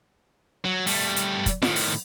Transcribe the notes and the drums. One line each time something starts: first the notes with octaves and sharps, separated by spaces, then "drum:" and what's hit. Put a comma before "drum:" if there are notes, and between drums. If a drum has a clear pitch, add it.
F#3
G3 A3, drum: open hi-hat
drum: hi-hat
drum: kick, hi-hat
A2 D#3, drum: snare F4
drum: open hi-hat